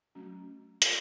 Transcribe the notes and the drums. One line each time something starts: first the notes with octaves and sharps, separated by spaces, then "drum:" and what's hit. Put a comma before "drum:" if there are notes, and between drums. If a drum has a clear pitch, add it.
F#3 A3 C#4 F#4
C#4 F4 A4, drum: hi-hat